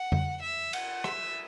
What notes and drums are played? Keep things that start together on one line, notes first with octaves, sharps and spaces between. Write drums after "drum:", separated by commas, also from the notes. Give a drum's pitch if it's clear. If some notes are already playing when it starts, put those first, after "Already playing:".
Already playing: F#5
drum: tom F2
E5
F#5, drum: cymbal
E5, drum: rim click